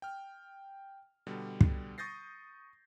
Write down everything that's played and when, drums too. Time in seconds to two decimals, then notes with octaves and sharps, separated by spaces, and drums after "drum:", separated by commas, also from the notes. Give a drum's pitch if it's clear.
0.02 G5 F6
1.27 B2 D3 G3
1.61 drum: kick
1.98 C#6 D#6 G6 A6 A#6 C7